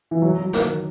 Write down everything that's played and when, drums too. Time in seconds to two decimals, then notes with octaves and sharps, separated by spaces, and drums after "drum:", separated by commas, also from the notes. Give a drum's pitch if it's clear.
0.11 E3
0.22 F#3
0.38 F#3
0.53 D#3, drum: snare